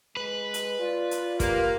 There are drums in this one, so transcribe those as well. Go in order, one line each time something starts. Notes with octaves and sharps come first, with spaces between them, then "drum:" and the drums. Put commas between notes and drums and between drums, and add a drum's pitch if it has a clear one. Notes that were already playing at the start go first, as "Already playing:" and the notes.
G#3 B4
drum: hi-hat
F4 D5
drum: hi-hat
A#3 G4, drum: kick, hi-hat